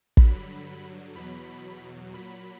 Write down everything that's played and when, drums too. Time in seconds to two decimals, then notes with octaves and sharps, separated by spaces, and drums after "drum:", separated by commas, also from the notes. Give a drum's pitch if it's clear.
0.17 G2 D3 F#3 B5, drum: kick
1.16 E2 B2 F#3 B5
2.14 A#2 F#3 B5